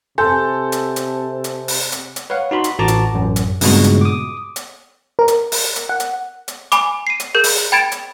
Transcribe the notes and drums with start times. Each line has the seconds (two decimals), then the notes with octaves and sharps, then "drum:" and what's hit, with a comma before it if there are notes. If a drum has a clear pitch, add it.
0.18 C3 A4 G#5 C6 G6
0.72 drum: hi-hat
0.96 drum: hi-hat
1.44 drum: hi-hat
1.68 drum: open hi-hat
1.92 drum: hi-hat
2.16 drum: hi-hat
2.30 B4 C#5 F5 F#5
2.51 D#4 F#4 B5 C6
2.64 drum: hi-hat
2.79 A1 F#4 A5 A#5 D6
2.88 drum: hi-hat
3.14 A1 F#2
3.36 drum: hi-hat
3.61 G2 A#2 C#3 G#3 B3 F#4, drum: open hi-hat
3.84 drum: hi-hat
4.01 D6 D#6
4.56 drum: hi-hat
5.19 A#4
5.28 drum: hi-hat
5.52 drum: open hi-hat
5.76 drum: hi-hat
5.89 F#5
6.00 drum: hi-hat
6.48 drum: hi-hat
6.72 G#5 B5 D6, drum: hi-hat
7.07 C7 D#7
7.20 drum: hi-hat
7.35 G#4 A#4 G6
7.44 drum: open hi-hat
7.72 G5 B5 G#6 A6 D7 E7
7.92 drum: hi-hat